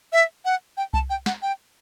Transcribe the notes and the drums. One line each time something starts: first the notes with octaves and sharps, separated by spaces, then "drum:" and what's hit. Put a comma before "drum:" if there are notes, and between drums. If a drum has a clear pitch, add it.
E5
F#5
G5
A5, drum: kick C2
G5
F#5, drum: snare
G5